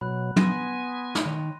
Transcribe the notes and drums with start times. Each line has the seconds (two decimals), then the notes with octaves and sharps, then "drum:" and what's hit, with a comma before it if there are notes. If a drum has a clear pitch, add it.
0.01 B2 F#3 B5 F#6
0.36 B3 G#5 C6 A#6 D#7, drum: tom
1.15 drum: snare
1.25 D#3 C#5